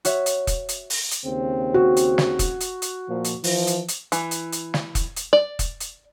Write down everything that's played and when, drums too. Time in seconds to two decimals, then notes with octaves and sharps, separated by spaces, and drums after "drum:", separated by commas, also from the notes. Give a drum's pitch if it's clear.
0.05 F#4 C#5 E5, drum: hi-hat
0.26 drum: hi-hat
0.47 drum: kick E1, hi-hat
0.69 drum: hi-hat
0.90 drum: open hi-hat
1.11 drum: hi-hat
1.25 D#2 C#3 C4
1.74 F#4
1.97 drum: hi-hat
2.18 drum: snare
2.39 drum: kick E1, hi-hat
2.60 drum: hi-hat
2.82 drum: hi-hat
3.09 A#2 F3
3.24 drum: hi-hat
3.44 E3 F3, drum: open hi-hat
3.67 drum: hi-hat
3.88 drum: hi-hat
4.12 E3, drum: hi-hat
4.31 drum: hi-hat
4.52 drum: hi-hat
4.74 drum: snare
4.95 drum: kick E1, hi-hat
5.16 drum: hi-hat
5.33 D5
5.59 drum: kick E1, hi-hat
5.80 drum: hi-hat